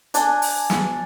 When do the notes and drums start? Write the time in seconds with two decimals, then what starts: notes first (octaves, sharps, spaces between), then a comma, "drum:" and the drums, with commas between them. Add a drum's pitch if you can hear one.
0.14 D4 G#5, drum: hi-hat
0.42 drum: open hi-hat
0.70 drum: snare